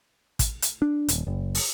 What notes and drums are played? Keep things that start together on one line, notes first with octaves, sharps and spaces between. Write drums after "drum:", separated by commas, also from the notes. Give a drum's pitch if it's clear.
drum: kick, hi-hat
drum: hi-hat
D4
D#1, drum: hi-hat
F#1
drum: open hi-hat